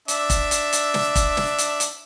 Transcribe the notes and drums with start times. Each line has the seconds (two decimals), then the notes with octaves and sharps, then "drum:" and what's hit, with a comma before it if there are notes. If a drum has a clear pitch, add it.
0.08 D4 E5, drum: hi-hat
0.30 drum: kick, hi-hat
0.51 drum: hi-hat
0.73 drum: hi-hat
0.94 drum: snare
1.15 drum: kick, hi-hat
1.37 drum: snare
1.58 drum: hi-hat
1.80 drum: hi-hat